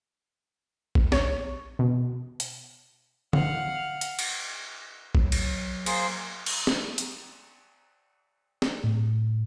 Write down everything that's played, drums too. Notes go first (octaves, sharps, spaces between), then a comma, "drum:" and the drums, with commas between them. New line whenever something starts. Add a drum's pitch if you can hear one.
drum: kick
C#5, drum: snare
B2
drum: hi-hat
F5 F#5, drum: tom D3
drum: hi-hat
drum: cymbal
F#3, drum: kick
drum: cymbal
A#3 G#4 C5 C6, drum: cymbal
drum: cymbal
drum: snare
drum: hi-hat
drum: snare
A2